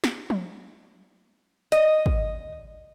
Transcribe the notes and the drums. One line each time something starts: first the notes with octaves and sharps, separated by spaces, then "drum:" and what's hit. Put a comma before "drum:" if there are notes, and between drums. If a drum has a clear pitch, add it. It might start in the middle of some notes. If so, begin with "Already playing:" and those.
drum: snare
drum: tom F3
D#5, drum: hi-hat
drum: kick